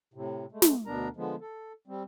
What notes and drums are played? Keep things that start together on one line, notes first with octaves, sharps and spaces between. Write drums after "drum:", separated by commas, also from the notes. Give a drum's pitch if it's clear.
A2 C3
G#3 A3
drum: snare
D2 B2 B3 D4 A#4 A#5
D3 F3 G#3 B3
A4
G3 C4